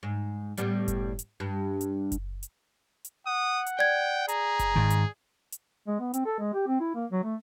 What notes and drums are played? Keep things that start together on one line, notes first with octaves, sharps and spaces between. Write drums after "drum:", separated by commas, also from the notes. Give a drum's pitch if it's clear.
G#2
A2 G3 B3, drum: hi-hat
drum: kick F#1, hi-hat
drum: hi-hat
G2
drum: hi-hat
drum: kick F#1, hi-hat
drum: hi-hat
drum: hi-hat
F#5 D#6
drum: hi-hat
D5 G5 G#6
G#4 A#5, drum: hi-hat
drum: kick F#1, hi-hat
G#2 D#3
drum: hi-hat
drum: hi-hat
G#3
B3
C4, drum: hi-hat
A4
G#3
G4
C4
E4
A#3
F#3
A3